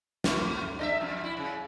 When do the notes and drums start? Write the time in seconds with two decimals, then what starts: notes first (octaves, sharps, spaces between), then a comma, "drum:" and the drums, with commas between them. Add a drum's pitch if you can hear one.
0.24 A3 E4, drum: snare
0.79 D4 D#5 E5
1.01 F2
1.24 E4
1.37 C#3